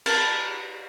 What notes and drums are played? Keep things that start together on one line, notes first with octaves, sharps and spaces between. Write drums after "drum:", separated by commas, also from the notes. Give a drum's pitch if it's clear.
A#4 A5 B5, drum: cymbal